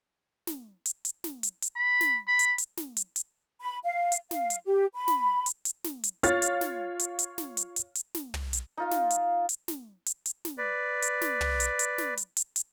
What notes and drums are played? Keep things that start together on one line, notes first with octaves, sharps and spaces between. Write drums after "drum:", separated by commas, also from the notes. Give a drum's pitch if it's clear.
drum: snare
drum: hi-hat
drum: hi-hat
drum: snare
drum: hi-hat
drum: hi-hat
B5
drum: snare
B5
drum: hi-hat
drum: hi-hat
drum: snare
drum: hi-hat
drum: hi-hat
B5
F5
drum: hi-hat
F5, drum: snare
drum: hi-hat
G4
B5
drum: snare
drum: hi-hat
drum: hi-hat
drum: snare
drum: hi-hat
F4 C#5 F5 F6 A6, drum: hi-hat
drum: hi-hat
drum: snare
drum: hi-hat
drum: hi-hat
drum: snare
drum: hi-hat
drum: hi-hat
drum: hi-hat
drum: snare
drum: tom
drum: hi-hat
D#4 F4 F5
drum: snare
drum: hi-hat
drum: hi-hat
drum: snare
drum: hi-hat
drum: hi-hat
drum: snare
B4 D5
drum: hi-hat
drum: snare
drum: tom
drum: hi-hat
drum: hi-hat
drum: snare
drum: hi-hat
drum: hi-hat
drum: hi-hat